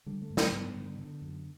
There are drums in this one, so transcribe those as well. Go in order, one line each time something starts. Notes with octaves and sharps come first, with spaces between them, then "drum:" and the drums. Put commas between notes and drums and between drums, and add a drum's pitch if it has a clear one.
D3 G3
A3
G2
C#4, drum: snare
G2 B3
D3
D3
F#2